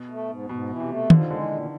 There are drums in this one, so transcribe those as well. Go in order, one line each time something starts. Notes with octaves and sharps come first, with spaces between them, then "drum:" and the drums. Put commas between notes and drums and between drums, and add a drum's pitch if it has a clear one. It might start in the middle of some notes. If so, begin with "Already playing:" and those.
Already playing: B2
A3
G#2
G#2 B2
E3
C3
A3
D3 F3, drum: tom
D#3
D3 G#3
E3
A#2